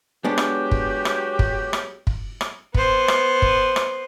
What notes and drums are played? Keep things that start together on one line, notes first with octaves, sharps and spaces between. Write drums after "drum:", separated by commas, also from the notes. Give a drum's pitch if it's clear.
F#3 G#3 B3 D4 F#4 G4
drum: rim click
drum: kick
drum: rim click
drum: kick
drum: rim click
drum: kick
drum: rim click
B3 C5, drum: kick
drum: rim click
drum: kick
drum: rim click